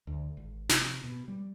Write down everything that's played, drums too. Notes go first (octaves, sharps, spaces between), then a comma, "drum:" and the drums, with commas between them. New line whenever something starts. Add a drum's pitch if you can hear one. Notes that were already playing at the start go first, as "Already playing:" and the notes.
D2
G#1
C3, drum: snare
B2
G3